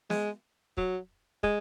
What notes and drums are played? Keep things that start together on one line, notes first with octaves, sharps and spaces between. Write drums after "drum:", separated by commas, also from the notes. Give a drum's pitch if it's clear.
G#3, drum: snare
F#3, drum: kick
G#3, drum: kick